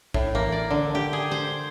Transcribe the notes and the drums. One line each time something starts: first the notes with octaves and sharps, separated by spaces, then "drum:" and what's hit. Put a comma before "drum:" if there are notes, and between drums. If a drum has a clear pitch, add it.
A2, drum: kick A#1
A#3, drum: tom E3
D5
D3
G4
G#4
C5